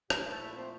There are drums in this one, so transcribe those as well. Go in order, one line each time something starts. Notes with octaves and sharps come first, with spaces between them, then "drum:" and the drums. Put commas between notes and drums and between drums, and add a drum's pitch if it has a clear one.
A#2 F3 A3 G4 G5, drum: rim click
A4 A5
E4 E5
C4 C5